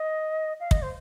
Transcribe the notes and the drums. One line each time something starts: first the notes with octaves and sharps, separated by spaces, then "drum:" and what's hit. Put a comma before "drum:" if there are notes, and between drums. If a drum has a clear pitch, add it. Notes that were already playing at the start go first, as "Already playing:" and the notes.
Already playing: D#5
F5
D#5, drum: kick
C5